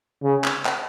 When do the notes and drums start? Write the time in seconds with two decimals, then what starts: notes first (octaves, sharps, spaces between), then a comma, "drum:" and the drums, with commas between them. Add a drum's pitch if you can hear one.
0.23 C#3
0.44 drum: clap
0.66 drum: clap